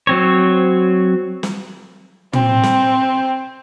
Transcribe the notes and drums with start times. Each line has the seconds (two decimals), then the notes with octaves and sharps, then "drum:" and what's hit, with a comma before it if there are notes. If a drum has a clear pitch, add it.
0.07 F#3 C4 C#5
1.43 drum: snare
2.33 C4, drum: tom
2.63 drum: snare